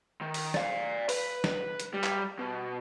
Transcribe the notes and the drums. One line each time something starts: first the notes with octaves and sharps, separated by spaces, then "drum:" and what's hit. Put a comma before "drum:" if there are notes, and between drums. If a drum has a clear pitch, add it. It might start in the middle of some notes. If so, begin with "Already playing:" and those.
D#3
drum: open hi-hat
D5 F5, drum: snare
B4, drum: open hi-hat
drum: snare
drum: hi-hat
G3
drum: clap
B2